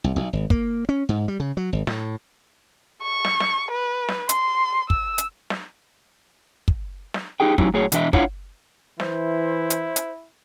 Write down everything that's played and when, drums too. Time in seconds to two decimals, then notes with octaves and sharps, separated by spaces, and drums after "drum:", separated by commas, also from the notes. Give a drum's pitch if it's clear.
0.04 C2
0.16 B1
0.33 G#1
0.50 A#3, drum: kick
0.89 C#4
1.09 G#2
1.28 G3
1.40 C#3
1.57 F#3
1.73 G#1
1.87 A2, drum: snare
3.03 C#6
3.25 drum: snare
3.40 drum: snare
3.71 B4
4.09 drum: snare
4.29 C6, drum: hi-hat
4.90 E6, drum: kick
5.18 drum: hi-hat
5.50 drum: snare
6.68 drum: kick
7.14 drum: snare
7.40 D#4 G4 G#4 G5
7.58 F#3 C#4 D#4 E4 G4, drum: kick
7.74 A2 F#3 G#4 C#5
7.92 B2 E3 D4 D#5 E5, drum: hi-hat
8.13 D4 E4 F4 C#5 F5 F#5, drum: kick
9.00 E3 E4 C5, drum: snare
9.70 drum: hi-hat
9.96 drum: hi-hat